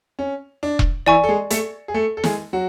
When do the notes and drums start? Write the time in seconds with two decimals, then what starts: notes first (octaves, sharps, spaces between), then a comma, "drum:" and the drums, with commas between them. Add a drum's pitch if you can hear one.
0.19 C#4
0.63 D4
0.79 drum: kick E1
1.06 E3 E4 D5 G#5 C#6
1.24 A4
1.29 G#3 G#4
1.50 A3 A4, drum: hi-hat
1.88 G#4
1.94 A3 A4
2.17 A4
2.24 G#3 G#4, drum: snare
2.53 F#3 F#4